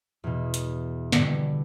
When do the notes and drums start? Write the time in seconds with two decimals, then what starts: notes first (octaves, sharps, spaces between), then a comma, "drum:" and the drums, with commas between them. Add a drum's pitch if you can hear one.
0.24 E2 B2
0.54 drum: hi-hat
1.12 G2 D3, drum: snare